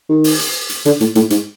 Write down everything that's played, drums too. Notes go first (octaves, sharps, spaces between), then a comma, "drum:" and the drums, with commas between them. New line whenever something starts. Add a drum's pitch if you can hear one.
D#3
drum: open hi-hat
drum: hi-hat
drum: hi-hat
D3, drum: hi-hat
A2, drum: hi-hat
A2, drum: hi-hat
G#2, drum: hi-hat